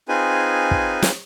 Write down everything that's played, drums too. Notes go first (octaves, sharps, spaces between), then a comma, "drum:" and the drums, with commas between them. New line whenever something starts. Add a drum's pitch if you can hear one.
C4 D#4 F4 G#4 B4 G#5
drum: kick
drum: snare